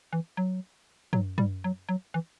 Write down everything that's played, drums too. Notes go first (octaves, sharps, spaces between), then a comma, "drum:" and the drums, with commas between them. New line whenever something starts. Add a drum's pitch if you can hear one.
E3
F#3
F#3, drum: tom
G3, drum: tom
F#3
F#3
E3